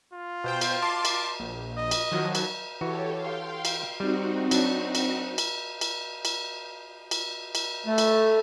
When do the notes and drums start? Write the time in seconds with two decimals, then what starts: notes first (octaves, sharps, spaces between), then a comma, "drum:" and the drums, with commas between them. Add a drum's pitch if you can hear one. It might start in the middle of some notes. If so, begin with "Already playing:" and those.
0.13 F4
0.44 B2 C5 G5
0.61 drum: cymbal
0.82 A5 C6 D6
1.05 drum: cymbal
1.40 A#1
1.77 D#5
1.91 drum: cymbal
2.12 D#3 F3 F#3
2.35 drum: cymbal
2.81 E3 F#4 G4 A4 C#5
3.18 F5 G5 C6
3.65 drum: cymbal
4.00 G3 C4 D#4 F#4
4.51 F#3 D4, drum: cymbal
4.95 drum: cymbal
5.38 drum: cymbal
5.81 drum: cymbal
6.25 drum: cymbal
7.11 drum: cymbal
7.55 drum: cymbal
7.86 A3
7.98 drum: cymbal